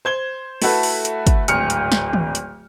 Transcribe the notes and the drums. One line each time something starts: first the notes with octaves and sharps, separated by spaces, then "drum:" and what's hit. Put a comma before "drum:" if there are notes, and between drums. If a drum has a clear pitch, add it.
C5 G#6 G7
A3 E4 F#4 A4 B4 E5, drum: open hi-hat
drum: open hi-hat
drum: hi-hat
drum: kick, hi-hat
D1 G#1 F6 C#7, drum: hi-hat
drum: hi-hat
drum: snare
drum: tom D#3
drum: hi-hat